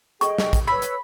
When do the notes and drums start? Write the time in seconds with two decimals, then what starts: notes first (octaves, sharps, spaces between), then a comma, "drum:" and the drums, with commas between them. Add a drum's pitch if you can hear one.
0.21 G#4 A4 D#5 G5 C#6, drum: hi-hat
0.38 drum: snare
0.53 drum: kick, hi-hat
0.67 B4 C#5 B5 E6
0.82 drum: hi-hat